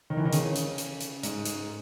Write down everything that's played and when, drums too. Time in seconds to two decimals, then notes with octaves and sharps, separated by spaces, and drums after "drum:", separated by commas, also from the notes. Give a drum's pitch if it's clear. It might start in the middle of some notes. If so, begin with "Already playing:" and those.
0.10 D#3
0.17 E3
0.25 D#3
0.32 C#3, drum: hi-hat
0.55 drum: hi-hat
0.78 drum: hi-hat
1.00 drum: hi-hat
1.23 G#2, drum: hi-hat
1.45 drum: hi-hat